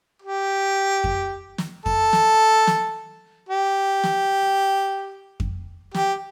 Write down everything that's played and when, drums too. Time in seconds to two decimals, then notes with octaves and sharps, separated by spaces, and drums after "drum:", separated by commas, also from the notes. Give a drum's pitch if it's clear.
0.22 G4
1.04 drum: kick F2
1.58 drum: snare
1.86 A4, drum: kick F2
2.13 drum: snare
2.67 drum: snare
3.49 G4
4.04 drum: snare
5.40 drum: kick F2
5.95 G4, drum: snare